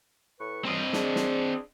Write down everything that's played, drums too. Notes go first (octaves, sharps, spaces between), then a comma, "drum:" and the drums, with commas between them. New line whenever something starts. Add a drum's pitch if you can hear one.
A2 B4 C#6
C#2 G3 C4 D#5
D4 G#4, drum: snare
drum: snare